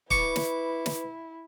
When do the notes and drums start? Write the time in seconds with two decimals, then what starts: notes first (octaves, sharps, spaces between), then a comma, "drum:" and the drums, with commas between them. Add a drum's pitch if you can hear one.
0.11 E4 B4 C#6 D6, drum: kick
0.36 drum: snare
0.86 drum: snare